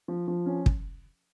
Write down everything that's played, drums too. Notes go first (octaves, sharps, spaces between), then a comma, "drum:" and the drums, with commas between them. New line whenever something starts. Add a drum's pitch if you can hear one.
F3
F3
C#4
drum: kick